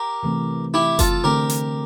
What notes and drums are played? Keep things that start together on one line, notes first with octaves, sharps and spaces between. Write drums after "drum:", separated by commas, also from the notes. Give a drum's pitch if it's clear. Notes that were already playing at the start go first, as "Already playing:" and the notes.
Already playing: G4 A#4
C3 E3 A3 C4
E4 G4
F4 A4, drum: kick F#1, hi-hat
D3 A3 C4 G4 A#4
drum: hi-hat